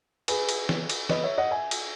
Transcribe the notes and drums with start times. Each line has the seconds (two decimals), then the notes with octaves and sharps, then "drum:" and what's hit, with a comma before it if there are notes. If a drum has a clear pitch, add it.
0.28 G#4 B4, drum: cymbal
0.49 drum: cymbal
0.69 drum: snare
0.90 drum: cymbal
1.09 B4 D#5, drum: snare
1.23 C#5 E5
1.38 D#5 F#5
1.51 E5 G#5
1.71 drum: cymbal